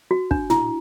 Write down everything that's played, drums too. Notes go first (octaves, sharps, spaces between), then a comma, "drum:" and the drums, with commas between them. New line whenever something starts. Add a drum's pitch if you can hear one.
F#4
D4, drum: kick
E4, drum: tom